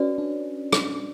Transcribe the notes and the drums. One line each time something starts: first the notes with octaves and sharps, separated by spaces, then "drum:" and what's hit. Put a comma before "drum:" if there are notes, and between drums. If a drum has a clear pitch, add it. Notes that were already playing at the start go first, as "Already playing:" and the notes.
Already playing: C#4 F#4 B4 D5
D4
drum: rim click